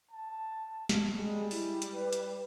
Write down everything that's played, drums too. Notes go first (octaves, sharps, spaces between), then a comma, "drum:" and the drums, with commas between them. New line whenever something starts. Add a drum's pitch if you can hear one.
A5
drum: snare
G3 G#3
E4, drum: open hi-hat
drum: hi-hat
B4
drum: hi-hat